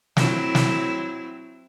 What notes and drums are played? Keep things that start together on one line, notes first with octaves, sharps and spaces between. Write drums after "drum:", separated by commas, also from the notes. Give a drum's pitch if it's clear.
F#3 C4 E4, drum: snare
drum: snare